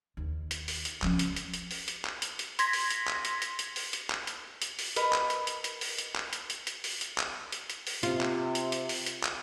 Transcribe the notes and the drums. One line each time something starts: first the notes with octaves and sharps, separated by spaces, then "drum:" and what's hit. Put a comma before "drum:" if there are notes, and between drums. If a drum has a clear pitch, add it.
D#2
drum: hi-hat
drum: open hi-hat
drum: hi-hat
F3 C#4, drum: clap
drum: hi-hat
drum: hi-hat
drum: hi-hat
drum: open hi-hat
drum: hi-hat
drum: clap
drum: hi-hat
drum: hi-hat
C6 G#6 A#6 B6, drum: hi-hat
drum: open hi-hat
drum: hi-hat
drum: clap
drum: hi-hat
drum: hi-hat
drum: hi-hat
drum: open hi-hat
drum: hi-hat
drum: clap
drum: hi-hat
drum: hi-hat
drum: open hi-hat
A#4 B4 D#5, drum: hi-hat
drum: clap
drum: hi-hat
drum: hi-hat
drum: hi-hat
drum: open hi-hat
drum: hi-hat
drum: clap
drum: hi-hat
drum: hi-hat
drum: hi-hat
drum: open hi-hat
drum: hi-hat
drum: clap
drum: hi-hat
drum: hi-hat
drum: open hi-hat
C3 F4, drum: hi-hat
drum: clap
drum: hi-hat
drum: hi-hat
drum: open hi-hat
drum: hi-hat
drum: clap